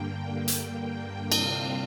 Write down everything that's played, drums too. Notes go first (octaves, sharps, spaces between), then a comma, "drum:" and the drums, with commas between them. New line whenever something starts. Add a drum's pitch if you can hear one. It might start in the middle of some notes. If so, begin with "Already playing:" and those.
Already playing: G2 D3 A#3 G5
drum: hi-hat
G2 D3 A#3
C3 G3 C4 F5, drum: cymbal